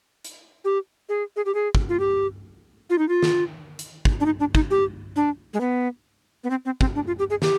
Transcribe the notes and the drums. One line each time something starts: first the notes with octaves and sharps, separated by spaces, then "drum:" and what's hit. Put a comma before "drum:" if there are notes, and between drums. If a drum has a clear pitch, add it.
drum: hi-hat
G4
G#4
G#4
G4
G#4
drum: kick
F4
G4
F4
D#4
F4
drum: snare
drum: hi-hat
drum: kick
D4
D#4
D4
D#4, drum: kick
G4
D4
G#3
B3
B3
C4
C4
C4, drum: kick
D4
F4
G4
G#4
G4, drum: snare